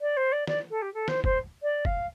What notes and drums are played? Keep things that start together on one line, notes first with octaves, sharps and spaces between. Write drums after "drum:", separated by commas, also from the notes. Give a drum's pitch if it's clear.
D5
C5
D5
D5, drum: snare
A4
G4
A4
C5, drum: snare
C5, drum: kick
D5
F5, drum: kick